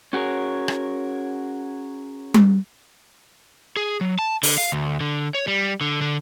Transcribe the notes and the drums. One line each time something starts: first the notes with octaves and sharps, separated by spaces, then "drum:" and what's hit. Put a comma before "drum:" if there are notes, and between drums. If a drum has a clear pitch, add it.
C#4 F#4 G#4 A#4 C#5
drum: rim click
drum: tom G3
G#4
F#3
A5
D3, drum: open hi-hat
F5
D2
D3
C#5
G3
D3
D3